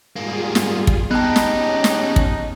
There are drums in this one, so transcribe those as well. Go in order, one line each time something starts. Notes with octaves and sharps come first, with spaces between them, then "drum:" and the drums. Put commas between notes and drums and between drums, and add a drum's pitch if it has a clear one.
G#2 G3 A#3 F4 G#4
drum: snare
drum: kick
G#3 B3 D#4 G4 G5 A5 B5
drum: snare
C#4 F#6
drum: snare
drum: kick